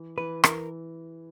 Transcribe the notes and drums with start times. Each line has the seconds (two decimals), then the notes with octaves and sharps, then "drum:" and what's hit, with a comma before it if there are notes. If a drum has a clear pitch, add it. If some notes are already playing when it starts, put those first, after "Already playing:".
Already playing: E3
0.17 E3 B4
0.44 E3 A#4, drum: rim click